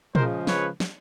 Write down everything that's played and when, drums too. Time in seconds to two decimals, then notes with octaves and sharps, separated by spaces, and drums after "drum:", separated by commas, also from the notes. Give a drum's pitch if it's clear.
0.15 C#3 F3 G#3 A#4 C5, drum: tom A#2
0.47 B4 C#5, drum: snare
0.80 drum: snare